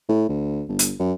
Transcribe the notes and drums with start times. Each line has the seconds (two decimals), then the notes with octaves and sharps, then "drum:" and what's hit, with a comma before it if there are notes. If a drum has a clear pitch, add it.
0.09 A2
0.29 D2
0.68 G1
0.79 drum: hi-hat
0.99 F#2